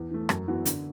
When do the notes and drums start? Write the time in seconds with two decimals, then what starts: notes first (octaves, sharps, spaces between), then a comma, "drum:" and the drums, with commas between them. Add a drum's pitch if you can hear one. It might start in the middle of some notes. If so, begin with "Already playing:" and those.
Already playing: E2
0.11 E3 A3
0.29 F#2, drum: rim click
0.48 E3 B3 F#4
0.65 D3, drum: hi-hat